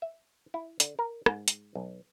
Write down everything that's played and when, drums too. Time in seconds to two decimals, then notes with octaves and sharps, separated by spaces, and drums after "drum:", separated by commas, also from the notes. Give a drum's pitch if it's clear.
0.02 E5
0.54 E4
0.80 D3, drum: hi-hat
0.99 A#4
1.26 G#2, drum: rim click
1.48 drum: hi-hat
1.75 B1